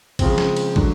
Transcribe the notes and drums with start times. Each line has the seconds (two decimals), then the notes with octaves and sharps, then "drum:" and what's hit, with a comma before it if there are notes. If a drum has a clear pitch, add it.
0.19 C#3 F3 G#3 C4, drum: kick, cymbal
0.38 drum: snare
0.57 drum: cymbal
0.76 D3 F#3, drum: kick